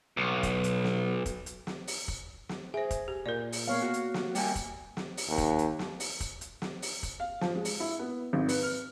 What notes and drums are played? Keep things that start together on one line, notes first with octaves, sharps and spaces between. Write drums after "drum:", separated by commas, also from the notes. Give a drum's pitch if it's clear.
B1
drum: kick, hi-hat
drum: hi-hat
drum: snare
drum: kick, hi-hat
drum: hi-hat
drum: snare
drum: open hi-hat
drum: kick
drum: snare
G#4 C5 E5
drum: kick, hi-hat
G4
A#2 A#4 D5
drum: open hi-hat
A#3 B3 C#5 F5
F#4
drum: hi-hat
drum: snare
G3 A#3 G5 G#5, drum: open hi-hat
drum: kick, hi-hat
drum: snare
drum: open hi-hat
D#2
drum: kick, hi-hat
drum: hi-hat
drum: snare
drum: open hi-hat
drum: kick, hi-hat
drum: hi-hat
drum: snare
drum: open hi-hat
drum: kick, hi-hat
F5
F3, drum: snare
G#3
drum: open hi-hat
E4
B3
G#1
B4, drum: open hi-hat
F6